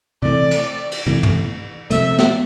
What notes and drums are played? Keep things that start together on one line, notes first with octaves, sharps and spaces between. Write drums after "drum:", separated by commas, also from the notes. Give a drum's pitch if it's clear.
C3 E3 A3 D5
drum: cymbal
drum: cymbal
C3 E3 A3
drum: tom
C3 F3 A3 E5, drum: hi-hat
drum: snare